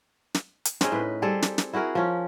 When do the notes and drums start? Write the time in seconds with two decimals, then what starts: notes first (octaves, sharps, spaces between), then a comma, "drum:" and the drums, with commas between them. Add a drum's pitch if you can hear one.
0.34 drum: snare
0.65 drum: hi-hat
0.81 C4 C#4 D#4 G#4, drum: snare
0.92 A2 B4
1.22 G3 C4 G#4 A4
1.42 drum: snare
1.58 drum: snare
1.73 E4 F#4 G#4 A#4
1.95 F3 C#4